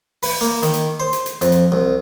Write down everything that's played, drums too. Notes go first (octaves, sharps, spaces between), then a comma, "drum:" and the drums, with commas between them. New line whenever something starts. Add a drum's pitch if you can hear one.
B4, drum: open hi-hat
A#3
D#3, drum: hi-hat
drum: hi-hat
C5
drum: hi-hat
drum: hi-hat
F2, drum: hi-hat
drum: hi-hat
C2